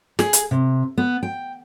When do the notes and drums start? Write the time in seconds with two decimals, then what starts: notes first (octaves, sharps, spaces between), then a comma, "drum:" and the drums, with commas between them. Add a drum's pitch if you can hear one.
0.19 G#4, drum: snare
0.33 drum: hi-hat
0.51 C3
0.98 B3
1.23 G5